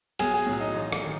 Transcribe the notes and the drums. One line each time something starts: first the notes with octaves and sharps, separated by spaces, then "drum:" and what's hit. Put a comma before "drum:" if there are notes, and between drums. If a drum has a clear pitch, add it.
B1 G#4, drum: cymbal
G#4
A2 F#3
D#4
A1
drum: rim click
D#3